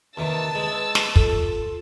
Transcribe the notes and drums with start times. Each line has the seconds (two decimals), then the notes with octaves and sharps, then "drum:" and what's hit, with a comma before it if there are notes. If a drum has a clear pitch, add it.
0.17 D#2 C3 D#3 B4 A5 E6
0.55 G#3
0.95 drum: snare
1.16 F4 A4, drum: kick